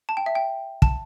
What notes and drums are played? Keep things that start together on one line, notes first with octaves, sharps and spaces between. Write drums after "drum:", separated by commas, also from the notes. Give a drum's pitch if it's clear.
A5
G5
E5
G5
A5, drum: kick